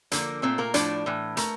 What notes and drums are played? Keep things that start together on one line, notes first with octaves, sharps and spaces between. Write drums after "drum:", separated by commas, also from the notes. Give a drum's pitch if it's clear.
D3 F3 A#3 A#4 A#5, drum: hi-hat
A#2 A3 C4 C5
A#3 A#4
A2 F3 A3 D4 D5, drum: hi-hat
A2 E3
A3 A#4 A#5, drum: hi-hat